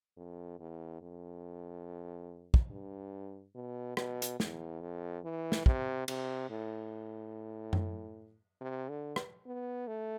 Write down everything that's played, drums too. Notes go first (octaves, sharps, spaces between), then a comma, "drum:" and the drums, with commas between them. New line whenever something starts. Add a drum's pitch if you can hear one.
F2
E2
F2
drum: kick
G2
B2
B2, drum: rim click
drum: hi-hat
E2, drum: snare
F2
E3
drum: snare
C3, drum: kick
C3, drum: cymbal
A2
drum: tom F#2
C3
D3
drum: rim click
B3
A3